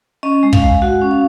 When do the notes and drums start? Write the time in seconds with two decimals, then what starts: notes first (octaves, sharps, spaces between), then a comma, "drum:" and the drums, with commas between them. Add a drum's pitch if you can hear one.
0.23 C#4 D#5
0.43 G#3
0.53 F5, drum: kick
0.62 G#3
0.82 F#4 F#5
1.02 C#4
1.11 F5